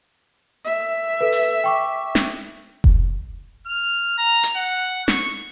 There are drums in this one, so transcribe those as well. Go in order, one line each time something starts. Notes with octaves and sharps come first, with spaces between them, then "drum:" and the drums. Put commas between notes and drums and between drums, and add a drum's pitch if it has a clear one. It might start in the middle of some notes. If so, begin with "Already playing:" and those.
E5
A4 B4
drum: open hi-hat
G5 C#6 D6
drum: snare
drum: kick F1
F6
A#5
drum: hi-hat
F#5
C#6, drum: snare